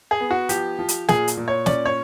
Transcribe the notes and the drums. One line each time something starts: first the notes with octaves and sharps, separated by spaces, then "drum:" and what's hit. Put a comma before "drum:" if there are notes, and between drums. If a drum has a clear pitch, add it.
G#4
B3
F#4
F3 G4, drum: hi-hat
F3
drum: hi-hat
A#2 G#4, drum: snare
drum: hi-hat
A#2
C#5
C#4 D5, drum: snare
C#5